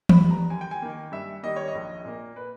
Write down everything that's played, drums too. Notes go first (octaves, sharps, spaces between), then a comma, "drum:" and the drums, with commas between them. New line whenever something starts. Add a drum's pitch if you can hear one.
B5, drum: tom E3
G3
B3
A#5
D#2 G#5
G5
G#5
D#3 A#3
G2 E5
D#3 G3 A#3 D#5
C#5
D#5
A#1
A#2 A#3
B4